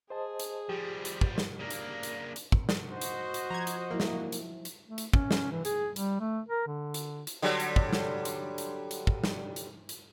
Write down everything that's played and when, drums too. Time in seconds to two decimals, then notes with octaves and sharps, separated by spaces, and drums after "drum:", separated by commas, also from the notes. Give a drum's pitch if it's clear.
0.10 G#4 C5 D#5 A5
0.40 drum: hi-hat
0.69 F3 G3 G4
1.05 drum: hi-hat
1.21 drum: kick
1.38 drum: snare
1.59 C#3 A#3 D4
1.70 drum: hi-hat
2.03 drum: hi-hat
2.36 drum: hi-hat
2.52 drum: kick
2.69 drum: snare
2.89 F#4 C5 D#5
3.01 drum: hi-hat
3.34 drum: hi-hat
3.50 F3 A#5 G#6
3.67 drum: hi-hat
3.91 F3 F#3 A#3 E4
4.00 drum: snare
4.32 drum: hi-hat
4.65 drum: hi-hat
4.88 A3
4.98 drum: hi-hat
5.13 C#4, drum: kick
5.31 drum: snare
5.52 E3
5.65 G#4, drum: hi-hat
5.96 G3, drum: hi-hat
6.20 A3
6.49 A#4
6.67 D3
6.94 drum: hi-hat
7.27 drum: hi-hat
7.42 D3 F#3 G3
7.60 drum: hi-hat
7.76 drum: kick
7.93 drum: snare
8.25 drum: hi-hat
8.58 drum: hi-hat
8.91 drum: hi-hat
9.07 drum: kick
9.24 drum: snare
9.56 drum: hi-hat
9.89 drum: hi-hat